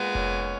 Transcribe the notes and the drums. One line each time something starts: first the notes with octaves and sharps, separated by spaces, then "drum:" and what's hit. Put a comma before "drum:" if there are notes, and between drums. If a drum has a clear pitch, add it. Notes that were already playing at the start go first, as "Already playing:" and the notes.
Already playing: A#2 G#3 B3
C#4 C#5, drum: kick F1